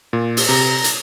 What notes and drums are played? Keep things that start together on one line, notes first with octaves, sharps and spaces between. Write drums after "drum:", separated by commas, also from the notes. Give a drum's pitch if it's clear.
A#2
drum: open hi-hat
C3 A#5
drum: hi-hat